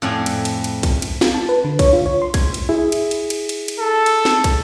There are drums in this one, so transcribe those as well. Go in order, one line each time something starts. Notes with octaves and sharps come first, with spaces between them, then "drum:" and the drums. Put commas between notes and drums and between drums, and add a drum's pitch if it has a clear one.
F2 A2 D5 G#5
drum: cymbal
drum: cymbal
drum: cymbal
drum: kick, cymbal
drum: cymbal
F4, drum: snare
A5
B4
D3
C#5, drum: kick, cymbal
F4
C#5
C6
G#6, drum: kick, cymbal
drum: cymbal
E4 G#4
drum: cymbal
drum: cymbal
drum: cymbal
drum: cymbal
drum: cymbal
A4
drum: cymbal
drum: snare
drum: kick, cymbal